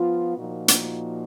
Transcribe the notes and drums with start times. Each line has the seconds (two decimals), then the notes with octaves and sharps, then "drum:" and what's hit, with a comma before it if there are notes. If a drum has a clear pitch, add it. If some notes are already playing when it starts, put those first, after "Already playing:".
Already playing: F3 B3 F4
0.37 A#2 F3 A#3 D#4 F#4
0.68 drum: hi-hat